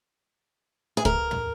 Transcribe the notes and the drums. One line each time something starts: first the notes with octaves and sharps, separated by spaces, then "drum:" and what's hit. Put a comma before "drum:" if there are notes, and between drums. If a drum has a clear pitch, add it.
G#4
A#4, drum: kick
drum: tom